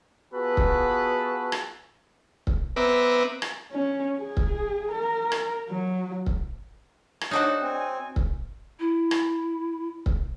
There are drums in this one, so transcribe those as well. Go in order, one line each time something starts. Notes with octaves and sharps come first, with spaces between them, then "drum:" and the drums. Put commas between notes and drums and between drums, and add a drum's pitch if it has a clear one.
B3 F4 F#4 G#4 A4 B4
drum: kick C#1
drum: rim click
drum: kick C#1
B3 C4 B4 E5 A#5 D6
drum: rim click
C#4
G#4
drum: kick C#1
A#4
drum: rim click
F#3
drum: kick C#1
drum: rim click
G#3 D4 D#4 F#4 C5 C#5 F#5
C4 G#5
drum: kick C#1
E4
drum: rim click
drum: kick C#1